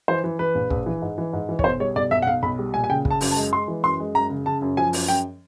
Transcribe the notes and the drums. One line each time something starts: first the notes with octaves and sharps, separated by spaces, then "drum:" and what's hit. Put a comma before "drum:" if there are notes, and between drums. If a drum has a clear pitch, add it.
E3 C5
E3
E3 B4
A#1
A#1, drum: kick
E3
G#2
E3
G#2
E3
C#5, drum: kick
B1 C5
G3 C#5
B1 D5
B1 E5
F#5
B1 F5
B1 B5
G3
A#2 G#5
G#5
C#3 G5
C#3, drum: kick
A5
F#2, drum: open hi-hat
A5
G#3
G#3 C6
E3
F#2 C6
G#3
F#2 A#5
C#3
C#3 A5
F#2
F3 G#5
F#2, drum: open hi-hat
F#2 G5